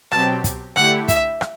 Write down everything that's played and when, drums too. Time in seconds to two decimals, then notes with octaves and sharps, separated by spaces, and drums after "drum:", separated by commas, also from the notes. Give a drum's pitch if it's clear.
0.11 B2 F#3 C4 G4 A5, drum: rim click
0.44 drum: kick, hi-hat
0.76 D3 A3 E4 G4 F#5, drum: rim click
1.08 E5, drum: kick, hi-hat
1.41 drum: rim click